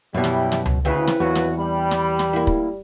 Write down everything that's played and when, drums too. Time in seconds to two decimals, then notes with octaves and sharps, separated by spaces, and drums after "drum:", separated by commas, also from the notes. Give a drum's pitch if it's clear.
0.14 F#2 B2 G3 E4 G4
0.24 drum: snare
0.52 drum: snare
0.66 drum: tom C#2
0.85 D2 C#3 C4 E4 B4
1.07 drum: snare
1.20 E2 A#2 F#3 F#4
1.35 drum: snare
1.58 G3 B5
1.91 drum: snare
2.19 drum: snare
2.33 A#3 E4
2.47 drum: kick